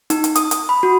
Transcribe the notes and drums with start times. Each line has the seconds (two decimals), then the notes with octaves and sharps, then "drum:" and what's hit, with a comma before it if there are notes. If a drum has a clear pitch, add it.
0.10 D#4, drum: hi-hat
0.24 drum: hi-hat
0.36 D#6, drum: hi-hat
0.51 drum: hi-hat
0.69 B5
0.83 F#4